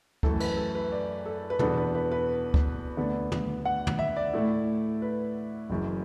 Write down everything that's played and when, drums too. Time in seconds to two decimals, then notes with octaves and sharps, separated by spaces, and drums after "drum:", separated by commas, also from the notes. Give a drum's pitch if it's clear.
0.23 F#2 E3 A3 A4, drum: kick
0.40 B4, drum: cymbal
0.57 A4
0.75 B4
0.92 D5
1.26 A4
1.50 B4
1.59 E2 B2 B3 D4 A4, drum: tom
1.78 B4
1.95 B4
2.11 B4
2.54 drum: kick
2.97 D2 D3 B3 D4
3.32 drum: tom
3.65 F#5
3.87 drum: tom
3.99 E5
4.16 D5
4.33 A2 A3 E4
5.02 B4
5.70 F#1 F#2 E3